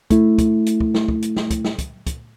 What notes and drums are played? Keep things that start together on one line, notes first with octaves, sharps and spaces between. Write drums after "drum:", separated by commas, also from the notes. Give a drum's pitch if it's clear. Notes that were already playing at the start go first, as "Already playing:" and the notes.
A3 E4, drum: kick, hi-hat
drum: kick, hi-hat
drum: hi-hat
drum: kick
drum: snare
drum: kick
drum: hi-hat
drum: snare
drum: kick, hi-hat
drum: snare
drum: kick, hi-hat
drum: kick, hi-hat